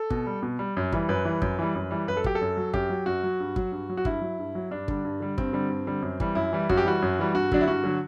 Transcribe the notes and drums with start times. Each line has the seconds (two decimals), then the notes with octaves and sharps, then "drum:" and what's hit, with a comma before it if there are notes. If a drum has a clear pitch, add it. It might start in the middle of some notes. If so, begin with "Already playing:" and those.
Already playing: A4
0.10 B2, drum: kick
0.27 G3
0.43 B2
0.59 G3
0.77 F#2
0.92 E3 G3, drum: kick
1.09 F#2 B4
1.25 E3 G3
1.42 F#2, drum: kick
1.59 E3 G3
1.75 F#2
1.91 E3 G3
2.08 F#2 B4
2.17 A4
2.24 F#3 G4, drum: kick
2.35 A4
2.41 F#2
2.57 F#3
2.74 F#2 G4, drum: kick
2.90 F#3
3.06 F#2 F#4
3.23 F#3
3.40 G2
3.56 F#3, drum: kick
3.72 G2
3.90 F#3
3.97 F#4
4.05 G2 E4, drum: kick
4.22 F#3
4.39 G2
4.55 F#3
4.71 G2 D4
4.88 D3 G3, drum: kick
5.05 G2
5.20 D3 G3
5.38 G2 C4, drum: kick
5.53 D3 G3
5.69 G2
5.87 D3 G3
6.02 F#2
6.20 E3 G3, drum: kick
6.35 F#2 E4
6.53 E3 G3
6.69 F#2 F#4, drum: kick
6.77 G4
6.85 E3 G3 F#4
7.02 F#2
7.19 E3 G3
7.34 G2 F#4
7.52 D3 F#3 D4, drum: kick
7.61 E4
7.68 G2 F#4
7.84 D3 F#3